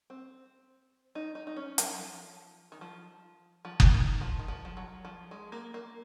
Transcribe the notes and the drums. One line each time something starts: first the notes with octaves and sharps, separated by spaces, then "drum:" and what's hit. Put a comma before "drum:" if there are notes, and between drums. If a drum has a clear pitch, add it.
C4
D#4
D#4
D#4
C#4
F#3, drum: hi-hat
F3
D#3
F3
F3
drum: kick F#1
D#3
F3
D#3
F3
F3
F#3
F3
G#3
A#3
A#3